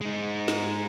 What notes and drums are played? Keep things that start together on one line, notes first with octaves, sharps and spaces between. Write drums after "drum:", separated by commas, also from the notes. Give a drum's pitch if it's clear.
G#3 D#4
drum: snare